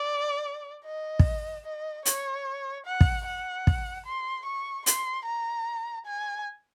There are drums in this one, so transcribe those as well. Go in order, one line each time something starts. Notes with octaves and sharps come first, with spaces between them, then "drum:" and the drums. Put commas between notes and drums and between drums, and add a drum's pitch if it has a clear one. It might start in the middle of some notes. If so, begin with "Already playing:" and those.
Already playing: D5
D#5
drum: kick
D#5
C#5, drum: hi-hat
F#5
drum: kick
F#5
drum: kick
C6
C#6
C6, drum: hi-hat
A#5
G#5